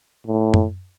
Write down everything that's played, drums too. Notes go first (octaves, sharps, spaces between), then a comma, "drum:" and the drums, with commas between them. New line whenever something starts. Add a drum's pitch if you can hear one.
A2
drum: tom F#2